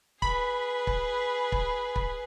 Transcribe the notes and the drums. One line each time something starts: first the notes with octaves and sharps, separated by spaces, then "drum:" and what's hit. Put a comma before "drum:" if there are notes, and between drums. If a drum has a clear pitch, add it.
G#4 B4 B5, drum: kick
drum: kick
drum: kick
drum: kick